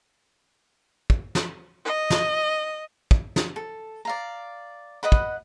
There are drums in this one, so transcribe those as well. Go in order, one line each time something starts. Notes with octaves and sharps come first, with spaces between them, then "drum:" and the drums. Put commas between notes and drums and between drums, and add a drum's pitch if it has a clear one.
drum: kick
drum: snare
D#5
drum: snare
drum: kick
drum: snare
A4
D5 F5 A#5
B4 D#5 F#5 B5
drum: kick